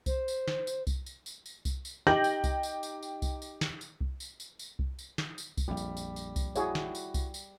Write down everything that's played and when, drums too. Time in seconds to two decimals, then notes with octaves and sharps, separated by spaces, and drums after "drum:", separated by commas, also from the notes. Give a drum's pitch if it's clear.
0.06 C5, drum: kick C2, tambourine
0.28 drum: tambourine
0.48 drum: snare
0.67 drum: tambourine
0.87 drum: kick C2, tambourine
1.06 drum: tambourine
1.26 drum: tambourine
1.46 drum: tambourine
1.65 drum: kick C2, tambourine
1.85 drum: tambourine
2.07 D#4 G4 G5 G6 A#6 F#7, drum: snare
2.24 drum: tambourine
2.44 drum: kick C2, tambourine
2.63 drum: tambourine
2.83 drum: tambourine
3.03 drum: tambourine
3.22 drum: kick C2, tambourine
3.42 drum: tambourine
3.61 drum: snare
3.81 drum: tambourine
4.01 drum: kick C2
4.20 drum: tambourine
4.40 drum: tambourine
4.59 drum: tambourine
4.79 drum: kick C2
4.99 drum: tambourine
5.18 drum: snare
5.38 drum: tambourine
5.57 drum: kick C2, tambourine
5.68 A#1 F2 G3
5.77 drum: tambourine
5.97 drum: tambourine
6.16 drum: tambourine
6.36 drum: kick C2, tambourine
6.56 E4 F#4 G#4 C#5, drum: tambourine
6.75 drum: snare
6.95 drum: tambourine
7.14 drum: kick C2, tambourine
7.34 drum: tambourine